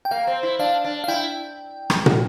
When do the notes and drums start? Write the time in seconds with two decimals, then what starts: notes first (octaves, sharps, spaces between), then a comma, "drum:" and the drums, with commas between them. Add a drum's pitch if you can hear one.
0.05 G5
0.11 A#3 F5
0.27 C4
0.43 E4
0.59 D4 F5
0.85 D4
1.04 F5
1.08 E4 G5
1.90 drum: rim click
2.06 drum: tom